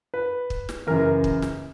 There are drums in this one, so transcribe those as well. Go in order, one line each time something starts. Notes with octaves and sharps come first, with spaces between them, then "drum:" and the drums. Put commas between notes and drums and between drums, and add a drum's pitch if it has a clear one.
B4
drum: kick
drum: snare
F#2 C#3 E3 A#4
drum: kick
drum: snare